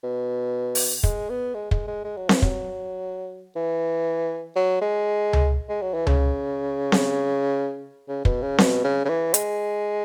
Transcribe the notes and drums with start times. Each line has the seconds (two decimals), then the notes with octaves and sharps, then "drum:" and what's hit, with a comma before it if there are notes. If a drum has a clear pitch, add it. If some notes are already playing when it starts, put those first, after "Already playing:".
0.04 B2
0.75 drum: open hi-hat
1.03 G#3, drum: kick
1.29 B3
1.54 G#3
1.71 G#3, drum: kick
1.88 G#3
2.04 G#3
2.17 F#3
2.29 E3, drum: snare C4
2.42 F#3, drum: kick
3.56 E3
4.56 F#3
4.81 G#3
5.33 drum: tom C#2
5.69 G#3
5.82 F#3
5.94 E3
6.07 C#3, drum: tom C#2
6.92 drum: snare C4
8.08 C#3
8.25 B2, drum: kick
8.42 C#3
8.58 B2, drum: snare C4
8.84 C#3
9.05 C#3
9.09 E3
9.34 G#3, drum: hi-hat